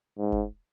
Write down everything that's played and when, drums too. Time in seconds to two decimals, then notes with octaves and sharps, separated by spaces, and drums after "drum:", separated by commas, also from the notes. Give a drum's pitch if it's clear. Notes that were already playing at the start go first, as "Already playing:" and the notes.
0.19 G#2
0.32 drum: kick F#1